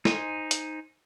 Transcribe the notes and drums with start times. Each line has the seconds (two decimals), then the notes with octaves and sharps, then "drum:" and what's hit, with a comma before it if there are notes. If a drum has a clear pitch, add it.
0.05 D#4 C5 G#5, drum: snare
0.51 drum: hi-hat